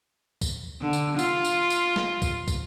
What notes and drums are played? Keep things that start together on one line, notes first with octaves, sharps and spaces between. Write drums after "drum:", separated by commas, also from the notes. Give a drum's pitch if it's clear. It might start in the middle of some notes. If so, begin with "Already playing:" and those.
drum: kick, tambourine
D3
drum: tambourine
F4, drum: tambourine
drum: tambourine
drum: tambourine
drum: snare
drum: kick, tambourine
drum: kick, tambourine